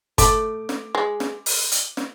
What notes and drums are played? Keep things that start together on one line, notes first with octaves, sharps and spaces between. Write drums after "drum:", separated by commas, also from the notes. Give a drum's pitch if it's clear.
A3 D6, drum: kick, hi-hat
drum: snare
G#3
drum: snare
drum: open hi-hat
drum: hi-hat
drum: snare